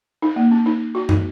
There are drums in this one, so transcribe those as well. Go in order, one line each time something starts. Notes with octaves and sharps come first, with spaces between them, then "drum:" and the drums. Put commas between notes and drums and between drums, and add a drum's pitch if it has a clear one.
D#4
A#3
C#4
D#4
F#4
D#4, drum: tom